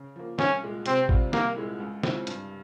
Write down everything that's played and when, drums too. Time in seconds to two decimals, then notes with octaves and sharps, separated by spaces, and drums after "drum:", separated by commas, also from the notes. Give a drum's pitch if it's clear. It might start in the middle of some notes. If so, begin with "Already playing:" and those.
Already playing: C#3
0.16 F3 A#3
0.39 C2 C#4, drum: snare
0.63 A#2 G#3
0.86 C3 C4, drum: hi-hat
1.09 G3 C4 F4, drum: kick G#1
1.33 C2 A#3, drum: snare
1.56 A#2 G#3 E4
1.80 C#2
2.03 C#3 F3 C4 E4, drum: snare
2.27 G2, drum: hi-hat